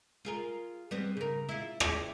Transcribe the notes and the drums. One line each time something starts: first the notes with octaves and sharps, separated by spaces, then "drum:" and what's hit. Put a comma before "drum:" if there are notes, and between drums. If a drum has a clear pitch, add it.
F4 G#4 A#4
G3 B3 C4
C#3 A#4
E4 F4
E4 G4 D5, drum: rim click